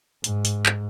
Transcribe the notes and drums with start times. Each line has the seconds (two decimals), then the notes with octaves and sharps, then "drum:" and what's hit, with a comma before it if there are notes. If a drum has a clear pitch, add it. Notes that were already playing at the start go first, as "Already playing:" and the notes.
0.24 G#2, drum: hi-hat
0.45 drum: hi-hat
0.66 drum: clap